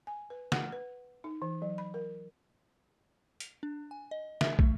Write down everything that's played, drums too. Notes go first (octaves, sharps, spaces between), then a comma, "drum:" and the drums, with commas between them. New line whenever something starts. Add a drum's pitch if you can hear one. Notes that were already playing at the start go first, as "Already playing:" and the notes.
G#5
B4
F#5, drum: snare
B4
D#4
E3
F#3
B5
A#4
drum: hi-hat
D4
G#5
D#5
E5, drum: snare
A3, drum: kick